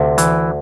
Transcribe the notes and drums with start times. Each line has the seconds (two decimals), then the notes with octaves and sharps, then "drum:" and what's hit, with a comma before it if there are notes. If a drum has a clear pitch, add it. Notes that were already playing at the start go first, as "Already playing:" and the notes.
Already playing: D2 C3
0.18 E3, drum: hi-hat